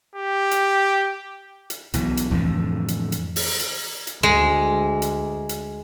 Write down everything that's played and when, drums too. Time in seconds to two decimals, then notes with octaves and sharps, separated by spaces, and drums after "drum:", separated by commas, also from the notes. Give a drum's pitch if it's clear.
0.15 G4
0.51 drum: hi-hat
1.70 drum: hi-hat
1.94 B1 B2 E3, drum: hi-hat
2.17 drum: hi-hat
2.31 F2 A2 D3 E3 A#3
2.88 drum: hi-hat
3.12 drum: hi-hat
3.36 drum: open hi-hat
3.60 drum: hi-hat
4.07 drum: hi-hat
4.23 D2 G#3
5.02 drum: hi-hat
5.49 drum: hi-hat